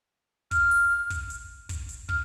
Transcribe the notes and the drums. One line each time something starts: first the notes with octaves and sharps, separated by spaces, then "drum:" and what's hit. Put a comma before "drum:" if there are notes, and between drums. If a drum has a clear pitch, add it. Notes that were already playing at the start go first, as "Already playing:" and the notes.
F6, drum: kick, hi-hat
drum: open hi-hat
drum: kick, hi-hat
drum: hi-hat
drum: kick, hi-hat
drum: hi-hat
F6, drum: kick